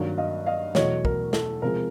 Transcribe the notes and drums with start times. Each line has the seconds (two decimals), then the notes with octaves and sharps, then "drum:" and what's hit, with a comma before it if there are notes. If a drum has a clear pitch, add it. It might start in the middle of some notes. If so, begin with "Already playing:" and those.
Already playing: G2 D#3 F#3 A#3
0.18 D#5 F5
0.46 D#5 F5
0.75 E2 B2 F#3 A3 C#5 D#5, drum: snare
1.05 A#4, drum: kick
1.33 A4, drum: snare
1.62 C3 F3 G#3 A#4